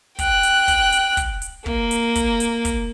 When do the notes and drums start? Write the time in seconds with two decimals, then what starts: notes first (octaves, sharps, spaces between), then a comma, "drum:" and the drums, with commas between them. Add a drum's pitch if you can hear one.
0.19 G5 F#6, drum: kick, hi-hat
0.43 drum: hi-hat
0.68 drum: kick, hi-hat
0.92 drum: hi-hat
1.17 drum: kick, hi-hat
1.42 drum: hi-hat
1.66 A#3, drum: kick
1.91 drum: hi-hat
2.15 drum: kick, hi-hat
2.40 drum: hi-hat
2.65 drum: kick, hi-hat